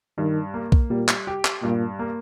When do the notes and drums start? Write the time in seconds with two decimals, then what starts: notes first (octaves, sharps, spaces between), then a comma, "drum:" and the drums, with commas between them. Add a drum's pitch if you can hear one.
0.18 G2 D#3
0.54 A#3
0.72 drum: kick B1
0.90 A#2 G3
1.09 drum: clap
1.27 G4
1.45 drum: clap
1.63 G2 A#2
1.99 A#3